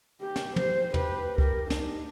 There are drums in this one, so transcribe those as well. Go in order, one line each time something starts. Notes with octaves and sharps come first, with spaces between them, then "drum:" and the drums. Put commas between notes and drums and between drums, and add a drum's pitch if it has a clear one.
G4
drum: snare
C5, drum: tom
G4 B4, drum: tom
G4 A#4, drum: kick C#2
D4 D#4, drum: snare